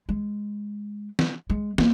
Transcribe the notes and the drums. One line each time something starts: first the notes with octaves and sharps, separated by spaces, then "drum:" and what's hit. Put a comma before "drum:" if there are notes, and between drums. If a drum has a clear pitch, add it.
G#3
drum: snare
G#3
A#3, drum: snare